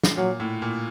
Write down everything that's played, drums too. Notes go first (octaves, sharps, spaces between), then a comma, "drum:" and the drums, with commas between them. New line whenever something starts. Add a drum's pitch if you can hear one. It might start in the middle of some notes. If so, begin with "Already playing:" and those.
drum: snare
A#2 F#3
A2
A#2